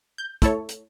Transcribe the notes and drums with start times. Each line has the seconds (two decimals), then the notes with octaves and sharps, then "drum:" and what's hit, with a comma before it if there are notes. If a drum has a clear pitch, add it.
0.18 G6
0.42 A3 E4 A4 C#5, drum: kick, hi-hat
0.69 drum: hi-hat